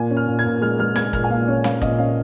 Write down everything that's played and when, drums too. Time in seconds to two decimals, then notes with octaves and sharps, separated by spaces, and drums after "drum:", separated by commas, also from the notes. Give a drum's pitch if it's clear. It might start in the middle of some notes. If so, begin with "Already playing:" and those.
Already playing: A#2 G#5
0.11 C#4
0.17 F6
0.28 A#2
0.39 G#6
0.45 A#2
0.62 G#3 F6
0.79 G#3 F6
0.96 G#3 G#6, drum: snare
1.13 A#2 F6, drum: kick
1.24 G#5
1.30 A#2 F5
1.48 C#4 C#5
1.64 C#4 F5, drum: snare
1.82 A#2 D#5, drum: kick
1.98 C#4 F5